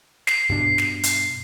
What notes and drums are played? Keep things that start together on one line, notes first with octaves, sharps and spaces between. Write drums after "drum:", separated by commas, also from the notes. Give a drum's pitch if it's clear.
C7, drum: snare
G2 B2 D4
drum: snare
drum: hi-hat